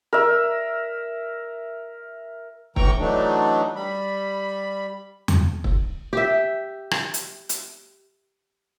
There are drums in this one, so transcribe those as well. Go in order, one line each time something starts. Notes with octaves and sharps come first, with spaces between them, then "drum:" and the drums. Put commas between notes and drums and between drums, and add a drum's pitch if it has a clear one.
A#4 E5
D2 A2 E3 G5 A#5 C#6, drum: kick
E3 F#3 A3 D4 D#4
G3 B5
drum: tom E2
drum: kick
G4 E5
drum: rim click
drum: hi-hat
drum: hi-hat